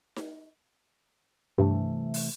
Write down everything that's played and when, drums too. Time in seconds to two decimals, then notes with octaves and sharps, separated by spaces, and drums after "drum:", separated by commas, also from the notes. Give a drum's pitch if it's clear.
0.16 drum: snare D#4
1.58 G2 C3 E3 A3
2.14 drum: open hi-hat